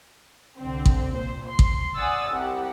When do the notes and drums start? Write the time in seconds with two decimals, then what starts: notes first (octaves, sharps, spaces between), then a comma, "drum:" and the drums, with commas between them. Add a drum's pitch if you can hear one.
0.59 C2 D3 C4
0.86 drum: kick A1
1.14 A#2 C5
1.49 C6
1.59 drum: kick A1
1.96 D5 F#5 G#5 D#6 E6 A6
2.32 C2 G4 F#5